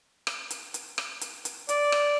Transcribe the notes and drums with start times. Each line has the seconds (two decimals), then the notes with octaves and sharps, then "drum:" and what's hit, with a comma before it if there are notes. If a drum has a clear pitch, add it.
0.27 drum: rim click
0.50 drum: hi-hat
0.74 drum: hi-hat
0.98 drum: rim click
1.21 drum: hi-hat
1.45 drum: hi-hat
1.69 D5, drum: hi-hat
1.92 drum: rim click